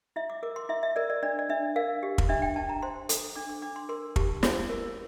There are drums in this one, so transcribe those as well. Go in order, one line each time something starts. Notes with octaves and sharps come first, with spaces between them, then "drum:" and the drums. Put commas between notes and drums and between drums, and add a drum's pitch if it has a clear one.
E4 E5
D6
A#4 D6
C6
E4 E5
E5
A#4 D5
D5
D4 D5
D5
D4 E5
A#4 F5
G4
drum: kick
D4 E5
G5
D4 A5
A#5
C5 C6
A4, drum: hi-hat
D4 D6
D6
D4 D6
C6
A#4 C6
G4 A5, drum: kick
E4, drum: snare
A#4